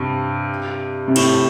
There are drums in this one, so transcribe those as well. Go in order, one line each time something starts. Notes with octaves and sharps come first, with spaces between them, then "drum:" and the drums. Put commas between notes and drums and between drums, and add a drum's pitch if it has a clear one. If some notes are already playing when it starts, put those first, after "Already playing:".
Already playing: G2 C3
C3
A2, drum: cymbal